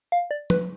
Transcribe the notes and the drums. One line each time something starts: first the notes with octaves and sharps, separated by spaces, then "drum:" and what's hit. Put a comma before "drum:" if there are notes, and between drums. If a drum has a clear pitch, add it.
F5
D5
B4, drum: tom